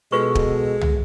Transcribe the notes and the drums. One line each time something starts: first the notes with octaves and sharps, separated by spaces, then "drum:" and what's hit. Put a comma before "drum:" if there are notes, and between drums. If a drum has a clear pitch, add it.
B2 G#3 F4 A4 B4 C#6
drum: kick
drum: tom C2